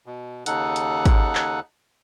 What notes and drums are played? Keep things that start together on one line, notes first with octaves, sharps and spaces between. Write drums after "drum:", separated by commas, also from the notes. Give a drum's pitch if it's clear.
B2
D#2 C#3 D#4 A4 F#5 F#6, drum: hi-hat
drum: hi-hat
drum: kick, hi-hat
drum: clap